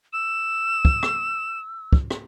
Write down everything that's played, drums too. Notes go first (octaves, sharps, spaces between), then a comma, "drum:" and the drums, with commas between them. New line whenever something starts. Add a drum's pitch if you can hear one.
E6 E7
drum: kick
drum: rim click
drum: kick
drum: rim click